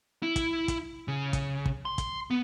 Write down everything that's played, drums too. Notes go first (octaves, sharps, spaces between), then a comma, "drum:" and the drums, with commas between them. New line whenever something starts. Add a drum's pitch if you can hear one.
E4
drum: kick, hi-hat
drum: kick, hi-hat
C#3
drum: kick, hi-hat
drum: kick
C6
drum: kick, hi-hat
B3